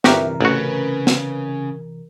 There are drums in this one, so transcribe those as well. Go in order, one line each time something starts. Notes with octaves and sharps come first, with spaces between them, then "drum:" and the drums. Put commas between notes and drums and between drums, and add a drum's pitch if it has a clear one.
G1 C3 E3 F#4 G4 A#4 E5, drum: snare
A1 C#3 F#4 B4
drum: snare